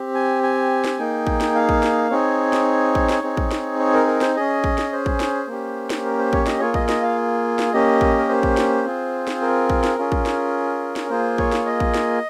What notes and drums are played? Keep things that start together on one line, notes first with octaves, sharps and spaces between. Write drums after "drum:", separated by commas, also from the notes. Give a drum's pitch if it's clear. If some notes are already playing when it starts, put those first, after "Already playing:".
Already playing: C4 G4
G#5
G#5
drum: snare
A#3 D#4 G#4 G5
drum: kick
drum: snare
F5
drum: kick
drum: snare
C4 D#4 G#4 C#5
drum: snare
drum: kick
drum: snare
C4 D#4 G#4
drum: kick
drum: snare
C#5
A#4
A#4
C5, drum: snare
C#4 G#4 D#5
drum: kick
drum: snare
C5
drum: kick
drum: snare
A#3 C#4 G4
drum: snare
A#4
C5
C#5, drum: kick
D#5, drum: snare
A#3 F4 G#4 C#5
D#5, drum: kick
D#5, drum: snare
F5
drum: snare
A#3 C#4 G4 D#5
drum: kick
A#4
C5
drum: kick
drum: snare
C4 F4 G#4
drum: snare
A#4
drum: kick
drum: snare
C#4 F4 G#4
drum: kick
drum: snare
drum: snare
A#3 F4 G#4 C5
C#5, drum: kick
drum: snare
D#5
drum: kick
drum: snare